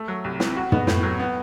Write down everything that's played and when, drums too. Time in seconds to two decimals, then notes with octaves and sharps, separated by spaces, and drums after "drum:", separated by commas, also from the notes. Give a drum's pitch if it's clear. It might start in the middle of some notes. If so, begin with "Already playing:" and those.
Already playing: A3
0.08 F#3
0.24 C2
0.40 C3, drum: snare
0.57 F#4
0.72 B3, drum: tom
0.87 A2, drum: snare
1.03 F#3
1.20 B3